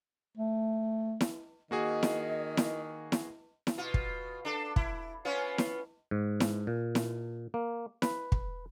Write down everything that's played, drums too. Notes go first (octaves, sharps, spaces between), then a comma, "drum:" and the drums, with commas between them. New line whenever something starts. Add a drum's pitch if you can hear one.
A3
drum: snare E4
D#3 A#3 F#4 G#4 D#5
drum: snare E4
drum: snare E4
drum: snare E4
drum: snare E4
B2 F4
drum: kick
D4 A4
E4, drum: kick
B3 C#4 F4
drum: snare E4
G#2
drum: snare E4
A#2
drum: snare E4
A#3
B4, drum: snare E4
drum: kick